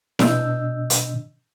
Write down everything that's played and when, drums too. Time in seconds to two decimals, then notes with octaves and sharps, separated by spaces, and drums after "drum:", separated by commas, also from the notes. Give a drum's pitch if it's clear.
0.19 B2 D4 D#5 E6 G6, drum: snare E4
0.90 drum: hi-hat